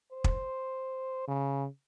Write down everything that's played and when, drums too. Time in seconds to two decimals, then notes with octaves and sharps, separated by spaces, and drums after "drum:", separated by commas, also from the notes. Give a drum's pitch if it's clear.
0.13 C5
0.24 drum: kick
1.28 C#3